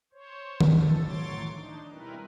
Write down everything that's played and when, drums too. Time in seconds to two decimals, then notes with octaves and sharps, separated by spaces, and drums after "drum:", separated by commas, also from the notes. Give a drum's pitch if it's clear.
0.13 C5 C#5
0.61 drum: tom D#3
0.70 C#3 F3 A4
1.05 A2 F#3 C#5 C6 D6 A6
1.51 D4 D#4
1.92 B2 G3 C4 E4 A#4 B4